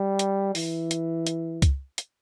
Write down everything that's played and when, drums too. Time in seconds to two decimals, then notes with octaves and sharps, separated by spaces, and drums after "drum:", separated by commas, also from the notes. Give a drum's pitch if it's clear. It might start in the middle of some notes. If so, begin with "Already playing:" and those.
Already playing: G3
0.19 drum: hi-hat
0.55 E3, drum: open hi-hat
0.91 drum: hi-hat
1.27 drum: hi-hat
1.62 drum: kick C#2, hi-hat
1.98 drum: hi-hat